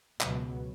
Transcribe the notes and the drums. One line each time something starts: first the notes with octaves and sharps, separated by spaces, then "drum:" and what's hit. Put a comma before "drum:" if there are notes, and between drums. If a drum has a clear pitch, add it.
C#2 B2 F#3 B3, drum: clap